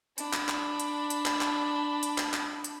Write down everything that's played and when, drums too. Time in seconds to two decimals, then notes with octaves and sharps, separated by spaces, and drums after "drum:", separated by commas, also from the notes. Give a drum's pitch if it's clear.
0.18 D4 B5, drum: hi-hat
0.33 drum: clap
0.49 drum: clap
0.79 drum: hi-hat
1.10 drum: hi-hat
1.26 drum: clap
1.41 drum: clap
2.03 drum: hi-hat
2.18 drum: clap
2.34 drum: clap
2.64 drum: hi-hat